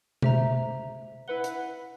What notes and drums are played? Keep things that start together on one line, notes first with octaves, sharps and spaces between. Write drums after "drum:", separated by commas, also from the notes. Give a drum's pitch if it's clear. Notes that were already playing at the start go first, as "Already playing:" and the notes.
C5 E5 A#5, drum: tom B2
E4 B4 F#5 G7
drum: hi-hat